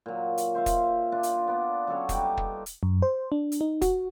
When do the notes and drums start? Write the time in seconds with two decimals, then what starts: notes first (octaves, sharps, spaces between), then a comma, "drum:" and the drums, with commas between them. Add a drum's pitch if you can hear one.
0.06 A#2 F#3
0.38 drum: hi-hat
0.55 C5 E5 F5
0.66 drum: kick, hi-hat
1.12 D4 F4
1.23 drum: hi-hat
1.48 B3 D5 A5
1.87 F#3 C#4 A4 C#5
2.09 G3 D#4 D6, drum: kick, hi-hat
2.37 drum: kick
2.66 drum: hi-hat
2.83 F#2
3.02 C5
3.32 D4
3.52 drum: hi-hat
3.61 D#4
3.82 F#4, drum: kick, hi-hat